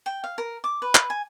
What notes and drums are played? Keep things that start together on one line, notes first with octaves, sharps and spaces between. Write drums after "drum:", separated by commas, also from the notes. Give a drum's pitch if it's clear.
G5
F5
A#4
D6
B4
drum: clap
G#5